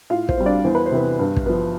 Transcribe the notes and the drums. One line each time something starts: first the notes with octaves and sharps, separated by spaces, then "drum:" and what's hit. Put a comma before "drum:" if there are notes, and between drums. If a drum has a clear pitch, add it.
A2 F4 F5
C5, drum: kick
G3 C4
D4 D5
E2 C5
B4
C5
C3 E3 B3
G2
drum: kick
F3 B3